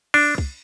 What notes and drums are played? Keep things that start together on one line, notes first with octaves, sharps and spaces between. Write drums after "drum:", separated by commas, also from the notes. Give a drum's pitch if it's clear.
D4, drum: cymbal
drum: kick C2